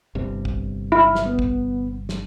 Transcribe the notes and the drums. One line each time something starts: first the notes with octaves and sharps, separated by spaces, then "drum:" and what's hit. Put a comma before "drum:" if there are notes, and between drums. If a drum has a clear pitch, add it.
G1 G2 C3
drum: kick
E4 E5 F6
drum: snare
B3
drum: kick
drum: snare